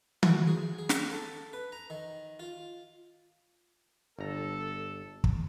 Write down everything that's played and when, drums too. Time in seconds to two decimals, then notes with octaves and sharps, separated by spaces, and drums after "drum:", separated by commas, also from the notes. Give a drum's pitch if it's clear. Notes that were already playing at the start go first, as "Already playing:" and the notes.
0.23 F#4, drum: tom D#3
0.47 G#4
0.79 G#4
0.89 drum: snare
1.12 A4
1.53 B4
1.72 A#5
1.90 D#3
2.39 F4
4.19 G1 A4 A#5
5.24 drum: kick